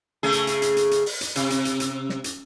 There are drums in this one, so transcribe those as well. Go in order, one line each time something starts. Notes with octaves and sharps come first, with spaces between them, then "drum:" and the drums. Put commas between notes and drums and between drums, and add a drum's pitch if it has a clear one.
C#3 A3 G#4
drum: hi-hat
drum: hi-hat
drum: hi-hat
drum: hi-hat
drum: hi-hat
drum: open hi-hat
drum: hi-hat
C3, drum: hi-hat
drum: hi-hat
drum: hi-hat
drum: hi-hat
drum: snare
drum: hi-hat